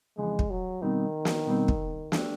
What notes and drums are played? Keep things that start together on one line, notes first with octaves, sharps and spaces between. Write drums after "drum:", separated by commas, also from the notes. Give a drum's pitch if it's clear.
F2 C#3 E3 G#3
drum: kick
F#3
B2 D#3 G3 C4 D#4
drum: snare
B2 G3 C4 D#4
drum: kick
A3 D4 G4, drum: snare